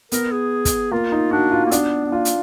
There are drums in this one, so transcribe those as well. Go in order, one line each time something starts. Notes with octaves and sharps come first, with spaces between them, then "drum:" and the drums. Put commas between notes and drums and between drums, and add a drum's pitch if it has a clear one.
B3 A#4, drum: hi-hat
G#4
drum: kick, hi-hat
A#3 F4
D#4
D4 F#4
F4
A#3
B3 D4, drum: hi-hat
B3
A#3 F4
drum: hi-hat